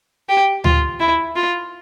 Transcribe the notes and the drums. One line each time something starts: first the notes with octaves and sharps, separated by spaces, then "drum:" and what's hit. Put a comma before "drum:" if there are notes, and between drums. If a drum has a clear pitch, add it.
G4
F4, drum: tom D2
E4
F4